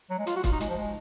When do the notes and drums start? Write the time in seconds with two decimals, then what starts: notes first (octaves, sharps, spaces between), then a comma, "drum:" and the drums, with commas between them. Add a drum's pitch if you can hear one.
0.10 F#3
0.19 G#3
0.27 F4, drum: hi-hat
0.36 F#4
0.44 F4, drum: kick, hi-hat
0.52 D#4
0.60 G#3, drum: hi-hat
0.69 F3
0.77 G#3